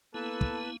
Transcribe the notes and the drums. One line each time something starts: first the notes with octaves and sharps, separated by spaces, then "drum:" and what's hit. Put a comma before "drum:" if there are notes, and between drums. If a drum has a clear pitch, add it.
A#3 B3 E4 A4 B4 A5
drum: kick